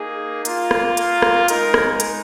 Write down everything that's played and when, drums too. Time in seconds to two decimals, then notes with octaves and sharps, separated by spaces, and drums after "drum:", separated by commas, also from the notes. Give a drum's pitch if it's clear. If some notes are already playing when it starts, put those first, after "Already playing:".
Already playing: A#3 D#4 G#4
0.45 A#3 F4, drum: hi-hat
0.71 drum: rim click
0.97 A#4, drum: hi-hat
1.22 drum: rim click
1.48 G#3 D#4 A#4, drum: hi-hat
1.74 drum: rim click
2.00 drum: hi-hat